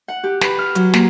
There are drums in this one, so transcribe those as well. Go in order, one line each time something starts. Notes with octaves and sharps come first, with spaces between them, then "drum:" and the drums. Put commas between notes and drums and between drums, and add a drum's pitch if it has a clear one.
F#5
G4
B4, drum: snare
F6
F#3, drum: hi-hat
A#3, drum: snare